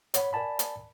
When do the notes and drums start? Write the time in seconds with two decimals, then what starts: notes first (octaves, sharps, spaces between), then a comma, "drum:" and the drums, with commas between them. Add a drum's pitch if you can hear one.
0.14 C#5 F#5 B5, drum: hi-hat
0.33 A#4 D5 G#5 A5 B5
0.59 drum: hi-hat